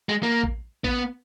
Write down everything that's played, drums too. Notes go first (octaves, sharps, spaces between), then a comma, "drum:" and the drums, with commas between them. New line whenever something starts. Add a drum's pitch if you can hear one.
G#3
A#3
drum: kick
B3, drum: kick